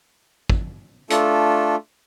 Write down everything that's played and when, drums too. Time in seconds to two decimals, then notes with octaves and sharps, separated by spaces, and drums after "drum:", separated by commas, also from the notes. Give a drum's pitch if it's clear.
0.50 drum: kick
1.10 A3 D4 F4 A4, drum: hi-hat